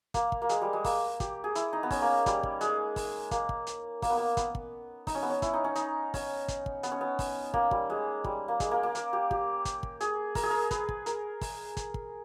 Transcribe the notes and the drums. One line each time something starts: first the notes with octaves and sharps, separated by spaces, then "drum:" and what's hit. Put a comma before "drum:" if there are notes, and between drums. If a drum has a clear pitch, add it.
A#3, drum: kick, hi-hat
drum: kick
A#3
G#3, drum: hi-hat
G3
G#3
A#3, drum: kick, open hi-hat
G4, drum: kick, hi-hat
G#4
E4, drum: hi-hat
D#4
B3
C#4, drum: kick, open hi-hat
A#3
G3, drum: kick, hi-hat
drum: kick
G#3, drum: hi-hat
drum: kick, open hi-hat
A#3, drum: kick, hi-hat
drum: kick
drum: hi-hat
A#3, drum: kick, open hi-hat
B3
A#3
B3, drum: kick, hi-hat
drum: kick
D#4, drum: kick, open hi-hat
C#4
B3
C#4
E4, drum: kick, hi-hat
D#4
C#4
D#4, drum: hi-hat
C#4, drum: kick, open hi-hat
drum: kick, hi-hat
drum: kick
B3, drum: hi-hat
C#4
B3
drum: kick, open hi-hat
A#3, drum: kick
G3, drum: kick
G#3
G3, drum: kick
A#3
G#3, drum: kick, hi-hat
A#3
A#3
A#3, drum: hi-hat
G4
G4, drum: kick
drum: kick, hi-hat
drum: kick
G#4, drum: hi-hat
A#4, drum: kick, open hi-hat
G#4
A#4
B4, drum: kick, hi-hat
drum: kick
A#4, drum: hi-hat
drum: kick, open hi-hat
drum: kick, hi-hat
drum: kick